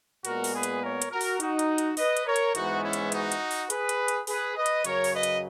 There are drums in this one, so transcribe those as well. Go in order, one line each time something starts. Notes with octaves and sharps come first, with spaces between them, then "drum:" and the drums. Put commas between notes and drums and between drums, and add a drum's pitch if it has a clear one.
A#2 G#3 B3 F#4 A#4, drum: hi-hat
drum: open hi-hat
G#4 B4
drum: hi-hat
A#4 C#5
drum: hi-hat
F#4 A#4
drum: open hi-hat
D#4 F#4, drum: hi-hat
drum: hi-hat
drum: hi-hat
B4 D#5, drum: open hi-hat
drum: hi-hat
A#4 C#5
drum: hi-hat
G#2 E3 G#3 B3 D#4 F#4, drum: hi-hat
C#4 E4
drum: hi-hat
D#4 F#4, drum: hi-hat
drum: hi-hat
drum: open hi-hat
G#4 B4, drum: hi-hat
drum: hi-hat
drum: hi-hat
G#4 B4, drum: open hi-hat
B4 D#5
drum: hi-hat
F#2 C#3 F#3 A#4 C#5, drum: hi-hat
drum: open hi-hat
B4 D#5
drum: hi-hat